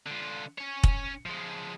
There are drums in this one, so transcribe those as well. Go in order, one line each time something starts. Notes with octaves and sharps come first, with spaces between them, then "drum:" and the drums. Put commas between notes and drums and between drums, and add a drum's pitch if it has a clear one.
D3 F4
C#4 C#5
drum: kick
F3 G#3